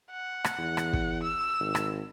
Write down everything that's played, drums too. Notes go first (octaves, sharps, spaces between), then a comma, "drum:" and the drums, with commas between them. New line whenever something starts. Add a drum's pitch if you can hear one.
F#5
drum: rim click
E2
drum: rim click
drum: kick
E6
G#1
drum: rim click